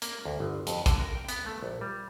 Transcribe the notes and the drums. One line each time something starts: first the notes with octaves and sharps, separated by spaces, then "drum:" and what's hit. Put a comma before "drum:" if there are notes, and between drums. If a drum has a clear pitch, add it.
A#3, drum: hi-hat
D2
G1
F2, drum: hi-hat
D3, drum: kick, hi-hat
A#4
G5
B3, drum: hi-hat
A3
A#1
G3